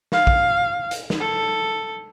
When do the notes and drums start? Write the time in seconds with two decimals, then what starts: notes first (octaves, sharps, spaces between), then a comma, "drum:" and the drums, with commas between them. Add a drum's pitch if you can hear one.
0.12 F5, drum: snare
0.27 drum: kick
0.91 drum: hi-hat
1.10 drum: snare
1.20 A4